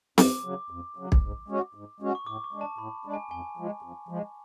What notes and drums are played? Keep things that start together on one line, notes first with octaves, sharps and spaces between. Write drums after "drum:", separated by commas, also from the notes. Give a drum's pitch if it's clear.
F2 D6, drum: snare C4
C#3 F#3
F2
C#3 F#3
drum: kick
G#2
G#3 C#4 F#4
G#2
G#3 C#4 F#4
C#6
A2 D6
C#6
G#3 D4
A5
A2 B5
G#3 D4
G#5
F2 G#5
F3 G#3
F2
F3 G#3